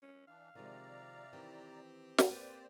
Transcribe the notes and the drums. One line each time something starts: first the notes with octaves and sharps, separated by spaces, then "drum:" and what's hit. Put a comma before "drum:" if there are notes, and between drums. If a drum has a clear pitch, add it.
C#4
E3 D4 F5
C3 D#3 F3 G#3 D5 A#5
D#3 E3 C4 G4
drum: snare
A#3 B4 C5 D5